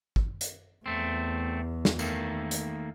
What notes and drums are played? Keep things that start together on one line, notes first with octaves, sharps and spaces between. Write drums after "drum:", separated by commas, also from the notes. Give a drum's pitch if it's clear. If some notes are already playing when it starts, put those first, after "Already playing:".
drum: kick
drum: hi-hat
E2 A3 C4
drum: snare
D#3 A3 A#3, drum: tambourine
drum: hi-hat